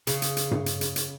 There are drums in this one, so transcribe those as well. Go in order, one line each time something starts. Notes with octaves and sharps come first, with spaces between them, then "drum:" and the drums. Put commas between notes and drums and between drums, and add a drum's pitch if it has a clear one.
C#3, drum: hi-hat
drum: hi-hat
drum: hi-hat
drum: tom G2
drum: hi-hat
drum: hi-hat
drum: hi-hat